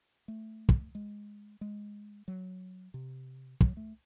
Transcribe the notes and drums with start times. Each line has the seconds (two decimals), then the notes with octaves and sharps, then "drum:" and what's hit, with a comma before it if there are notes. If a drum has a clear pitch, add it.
0.28 A3
0.69 drum: kick
0.95 G#3
1.61 G#3
2.28 F#3
2.94 C3
3.61 F#3, drum: kick
3.77 A3